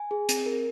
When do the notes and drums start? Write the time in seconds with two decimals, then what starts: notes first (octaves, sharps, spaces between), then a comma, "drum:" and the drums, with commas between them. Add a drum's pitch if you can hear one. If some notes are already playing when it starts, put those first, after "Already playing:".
Already playing: G#5
0.11 G#4
0.29 C4, drum: hi-hat
0.46 A#4